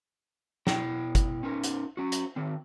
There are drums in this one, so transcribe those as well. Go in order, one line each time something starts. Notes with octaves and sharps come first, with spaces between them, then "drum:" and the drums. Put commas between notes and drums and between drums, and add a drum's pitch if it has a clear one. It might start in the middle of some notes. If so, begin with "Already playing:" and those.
B2 E4 G5, drum: snare
drum: kick G1, hi-hat
C#4 D#4 A#4
drum: hi-hat
C#4 F#4
drum: hi-hat
D#3 C4